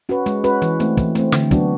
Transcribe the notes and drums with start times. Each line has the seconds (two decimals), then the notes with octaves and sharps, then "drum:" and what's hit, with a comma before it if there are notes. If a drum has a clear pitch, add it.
0.09 C#4 F#4 B4
0.26 G#3, drum: hi-hat
0.44 C#4 F#4 B4, drum: hi-hat
0.62 E3, drum: hi-hat
0.80 A3 C4, drum: hi-hat
0.97 E3, drum: kick, hi-hat
1.15 A3 C4, drum: hi-hat
1.32 D3, drum: snare
1.51 F#3 B3 D4 F#4, drum: kick, hi-hat